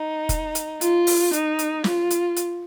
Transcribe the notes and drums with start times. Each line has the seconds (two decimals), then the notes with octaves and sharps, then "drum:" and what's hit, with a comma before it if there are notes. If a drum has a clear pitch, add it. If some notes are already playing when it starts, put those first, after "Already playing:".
Already playing: D#4
0.29 drum: kick, hi-hat
0.55 drum: hi-hat
0.81 F4, drum: hi-hat
1.07 drum: open hi-hat
1.33 D#4, drum: hi-hat
1.59 drum: hi-hat
1.84 F4, drum: snare
2.10 drum: hi-hat
2.36 drum: hi-hat